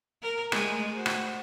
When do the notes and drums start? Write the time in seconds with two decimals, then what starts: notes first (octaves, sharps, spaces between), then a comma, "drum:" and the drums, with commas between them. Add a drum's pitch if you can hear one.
0.22 A#4
0.52 G#3 A3, drum: rim click
0.94 F#4 C5
1.06 drum: rim click